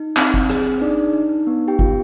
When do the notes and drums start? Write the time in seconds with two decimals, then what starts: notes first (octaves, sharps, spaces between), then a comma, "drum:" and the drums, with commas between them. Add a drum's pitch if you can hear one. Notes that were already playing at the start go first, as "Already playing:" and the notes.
Already playing: D#4
0.17 C4, drum: clap
0.34 drum: kick
0.50 G#4, drum: rim click
0.81 D4 D#4 D5
1.14 D#4
1.47 B3
1.68 G4 G5
1.79 F4, drum: kick